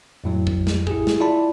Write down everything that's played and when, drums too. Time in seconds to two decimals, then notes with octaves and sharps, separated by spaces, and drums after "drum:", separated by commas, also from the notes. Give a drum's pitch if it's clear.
0.24 F2 A2 F#3
0.47 drum: kick
0.67 drum: snare
0.87 E4 G4 G#4, drum: kick
1.07 drum: snare
1.20 E4 F4 D5 A5 B5